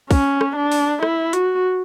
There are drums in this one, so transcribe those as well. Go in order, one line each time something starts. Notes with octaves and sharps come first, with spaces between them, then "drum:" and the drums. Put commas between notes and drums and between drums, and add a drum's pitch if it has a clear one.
C#4, drum: kick, open hi-hat
drum: rim click
D4
drum: open hi-hat
E4, drum: rim click
F#4, drum: hi-hat